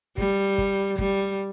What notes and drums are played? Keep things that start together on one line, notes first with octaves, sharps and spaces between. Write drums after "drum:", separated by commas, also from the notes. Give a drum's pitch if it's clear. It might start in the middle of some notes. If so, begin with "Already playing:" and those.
G3, drum: kick
drum: kick
G3, drum: kick